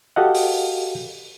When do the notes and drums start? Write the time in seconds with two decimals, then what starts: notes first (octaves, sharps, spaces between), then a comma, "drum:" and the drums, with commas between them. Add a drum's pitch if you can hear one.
0.16 F#4 G4 A4 D#5 F5 F#5
0.35 drum: open hi-hat